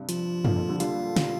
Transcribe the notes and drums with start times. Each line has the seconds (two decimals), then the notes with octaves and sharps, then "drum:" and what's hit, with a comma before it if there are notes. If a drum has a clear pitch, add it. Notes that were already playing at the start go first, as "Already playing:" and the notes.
Already playing: G2 C3
0.09 F3 F4, drum: hi-hat
0.45 F2 A#2, drum: tom F#2
0.56 F2 A#2
0.68 D3 G3
0.80 D3 G3 F4 F5, drum: hi-hat
1.16 drum: snare